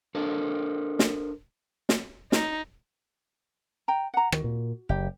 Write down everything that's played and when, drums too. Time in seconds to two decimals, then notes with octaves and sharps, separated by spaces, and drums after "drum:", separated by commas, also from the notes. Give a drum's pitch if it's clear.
0.15 D4 A4 A#4 C5
0.99 drum: snare
1.89 drum: snare
2.32 D#4, drum: snare
3.88 G5 A#5
4.14 F#5 A#5
4.32 D#3 F#4, drum: rim click
4.44 A#2
4.89 F#1 G4